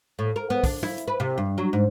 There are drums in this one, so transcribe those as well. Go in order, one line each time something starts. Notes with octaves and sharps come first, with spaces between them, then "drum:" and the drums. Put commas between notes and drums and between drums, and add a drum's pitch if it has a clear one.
A2
A#4
B3
D4, drum: kick, open hi-hat
E4, drum: tom
drum: hi-hat
B4
C3
G2
F#3
G#2